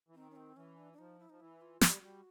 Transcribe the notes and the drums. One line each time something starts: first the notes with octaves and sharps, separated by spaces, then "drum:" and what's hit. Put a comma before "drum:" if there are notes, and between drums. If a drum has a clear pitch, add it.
E3
D#3 C4
C#4
C4
E3 C#4
D4
D4
F3 D#4
E4
F3 D#4
E3 E4
F4
G3 F#4, drum: snare
G4
G3 F#4